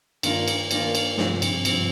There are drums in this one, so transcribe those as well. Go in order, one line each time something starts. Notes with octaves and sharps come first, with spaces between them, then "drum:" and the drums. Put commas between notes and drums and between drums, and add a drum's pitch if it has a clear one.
G2 D#3 A#3 D4 F4, drum: cymbal
drum: cymbal
D#3 A#3 D4 F4, drum: cymbal
drum: cymbal
G2 C3 F3 C4, drum: snare
G#2, drum: cymbal
G2 C3 F3 C4, drum: cymbal